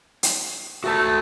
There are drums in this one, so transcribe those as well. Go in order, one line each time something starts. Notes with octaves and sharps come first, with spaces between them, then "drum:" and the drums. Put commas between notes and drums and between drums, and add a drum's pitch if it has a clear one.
drum: hi-hat
A3 F#4 A4 A5